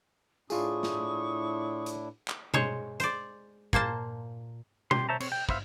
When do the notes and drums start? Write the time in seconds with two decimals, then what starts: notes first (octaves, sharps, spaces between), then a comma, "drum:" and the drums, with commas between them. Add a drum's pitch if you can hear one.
0.50 A2 D4 E4 F4 G#4 C#6 D#6, drum: tambourine
0.83 drum: snare
1.86 drum: hi-hat
2.28 drum: clap
2.54 G#3 C5 C#5, drum: tom B2
3.00 C5 D5, drum: hi-hat
3.73 A#2 A#3 C5 A5, drum: kick
4.91 G4 C6, drum: tom B2
5.09 C5 C#5 E5 A5 A#5
5.20 C4 C#5, drum: cymbal
5.32 G5
5.49 B3 C5 E5 F5, drum: kick